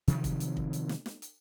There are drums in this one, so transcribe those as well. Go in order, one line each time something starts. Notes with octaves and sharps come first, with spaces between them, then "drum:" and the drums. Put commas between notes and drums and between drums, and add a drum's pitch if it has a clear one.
C3 D#3 F3 F#3, drum: hi-hat
drum: kick, hi-hat
drum: hi-hat
drum: kick
drum: hi-hat
drum: snare
drum: snare
drum: hi-hat